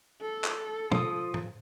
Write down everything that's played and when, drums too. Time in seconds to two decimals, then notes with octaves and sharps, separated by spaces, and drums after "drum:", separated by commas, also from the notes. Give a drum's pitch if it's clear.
0.22 A4
0.44 drum: clap
0.92 F3 D#6, drum: tom
1.34 drum: tom